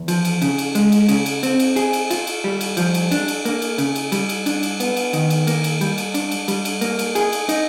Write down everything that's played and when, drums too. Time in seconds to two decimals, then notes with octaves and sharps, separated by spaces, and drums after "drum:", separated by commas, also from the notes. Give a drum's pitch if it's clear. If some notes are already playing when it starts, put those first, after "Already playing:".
Already playing: E2
0.08 F3, drum: cymbal
0.25 drum: cymbal
0.42 C#3, drum: cymbal
0.58 drum: cymbal
0.75 G#3, drum: cymbal
0.92 drum: cymbal
1.09 C#3, drum: cymbal
1.26 drum: cymbal
1.43 C4, drum: cymbal
1.60 drum: cymbal
1.76 G#4, drum: cymbal
1.93 drum: cymbal
2.11 F4, drum: cymbal
2.27 drum: cymbal
2.44 G3
2.61 drum: cymbal
2.77 F3, drum: cymbal
2.94 drum: cymbal
3.11 D4, drum: cymbal
3.28 drum: cymbal
3.45 A#3, drum: cymbal
3.62 drum: cymbal
3.78 C#3, drum: cymbal
3.95 drum: cymbal
4.12 G3, drum: cymbal
4.29 drum: cymbal
4.46 D4, drum: cymbal
4.63 drum: cymbal
4.80 B3, drum: cymbal
4.97 drum: cymbal
5.13 D#3, drum: cymbal
5.30 drum: cymbal
5.47 A#3, drum: cymbal
5.64 drum: cymbal
5.81 G3, drum: cymbal
5.98 drum: cymbal
6.14 D4, drum: cymbal
6.31 drum: cymbal
6.48 G3, drum: cymbal
6.65 drum: cymbal
6.81 A#3, drum: cymbal
6.99 drum: cymbal
7.15 G#4, drum: cymbal
7.32 drum: cymbal
7.49 D#4, drum: cymbal